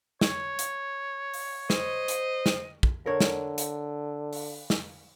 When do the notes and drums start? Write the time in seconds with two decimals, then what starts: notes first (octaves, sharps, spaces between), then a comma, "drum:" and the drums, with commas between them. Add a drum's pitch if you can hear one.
0.21 C#5, drum: snare
0.59 drum: hi-hat
1.34 drum: open hi-hat
1.70 C5 D#5, drum: snare
2.08 drum: hi-hat
2.46 drum: snare
2.83 drum: kick
3.06 D3 A#4 C#5
3.20 drum: snare
3.58 drum: hi-hat
4.33 drum: open hi-hat
4.70 drum: snare